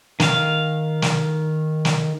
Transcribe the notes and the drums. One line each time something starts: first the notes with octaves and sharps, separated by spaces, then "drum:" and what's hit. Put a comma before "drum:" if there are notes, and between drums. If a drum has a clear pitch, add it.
D#3 F5, drum: snare
drum: snare
drum: snare